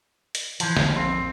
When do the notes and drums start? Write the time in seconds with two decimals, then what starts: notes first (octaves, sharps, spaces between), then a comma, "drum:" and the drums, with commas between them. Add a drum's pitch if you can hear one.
0.35 drum: hi-hat
0.60 E3 F3, drum: hi-hat
0.76 A#1 F2, drum: snare
0.96 C4